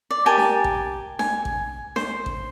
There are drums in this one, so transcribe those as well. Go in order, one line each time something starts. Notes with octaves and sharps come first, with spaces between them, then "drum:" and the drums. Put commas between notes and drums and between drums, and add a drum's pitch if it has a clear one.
D5
G4 A#4 G#5 A5
drum: snare D4
drum: kick A1
G#5, drum: snare D4
drum: kick A1
C5, drum: snare D4
drum: kick A1